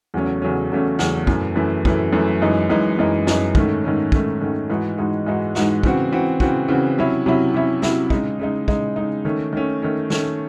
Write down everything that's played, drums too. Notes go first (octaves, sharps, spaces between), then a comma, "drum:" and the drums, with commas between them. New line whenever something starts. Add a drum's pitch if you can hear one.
E2 C#3 F#3 A3 C#4
E2 C#3 F#3 A3 C#4
E2 C#3 F#3 A3 C#4
E2 C#3 F#3 A3 C#4, drum: snare
F#2 E3 A3, drum: kick
F#2 E3 A3
F#2 E3 A3, drum: kick
F#2 E3 A3
F#2 E3 G#3 D#4
F#2 E3 G#3 D#4
F#2 E3 G#3 D#4
F#2 E3 G#3 D#4, drum: snare
G#2 D#3 A3 C#4, drum: kick
G#2 D#3 A3 C#4
G#2 D#3 A3 C#4, drum: kick
G#2 D#3 A3 C#4
G#2 E3 G#3 D#4 F#4
G#2 E3 G#3 D#4 F#4
G#2 E3 G#3 D#4 F#4
G#2 E3 G#3 D#4 F#4, drum: snare
C#3 E3 C4 F#4, drum: kick
C#3 E3 C4 F#4
C#3 E3 C4 F#4, drum: kick
C#3 E3 C4 F#4
C3 F#3 C#4 E4
C3 F#3 C#4 E4
C3 F#3 C#4 E4
C3 F#3 C#4 E4, drum: snare
C#3 G#3 D#4, drum: kick
C#3 G#3 D#4
C#3 G#3 D#4, drum: kick
C#3 G#3 D#4
D#3 A3 C#4
D#3 A3 C#4
D#3 A3 C#4
D#3 A3 C#4, drum: snare